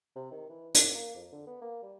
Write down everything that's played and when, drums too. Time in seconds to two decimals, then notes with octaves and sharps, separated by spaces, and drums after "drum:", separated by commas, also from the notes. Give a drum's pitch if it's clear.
0.16 C3
0.31 D#3
0.49 E3
0.75 F#2, drum: hi-hat
0.95 A#3
1.15 F2
1.32 D3
1.47 B3
1.61 A#3
1.82 G3